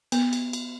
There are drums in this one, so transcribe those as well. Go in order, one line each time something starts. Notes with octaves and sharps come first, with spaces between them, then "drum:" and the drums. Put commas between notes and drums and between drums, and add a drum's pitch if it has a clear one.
B3, drum: cymbal
drum: cymbal
drum: cymbal